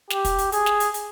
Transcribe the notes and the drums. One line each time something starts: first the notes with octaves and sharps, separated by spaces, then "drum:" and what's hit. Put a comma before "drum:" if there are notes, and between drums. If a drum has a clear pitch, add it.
G4, drum: snare
drum: kick, hi-hat
drum: hi-hat
G#4, drum: hi-hat
drum: snare
drum: hi-hat
drum: hi-hat